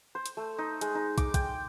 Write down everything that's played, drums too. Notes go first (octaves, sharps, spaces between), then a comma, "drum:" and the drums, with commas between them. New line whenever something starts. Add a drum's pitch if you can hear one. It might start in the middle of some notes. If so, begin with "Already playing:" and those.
C5
drum: hi-hat
A3
D#4
G#3, drum: hi-hat
D#4
D6, drum: kick, hi-hat
G5, drum: kick, hi-hat